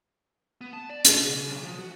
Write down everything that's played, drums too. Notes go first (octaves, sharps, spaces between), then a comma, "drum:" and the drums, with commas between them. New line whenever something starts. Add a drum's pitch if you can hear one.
B3
A5
D5
B2, drum: hi-hat
C#3
B1
F3
F#4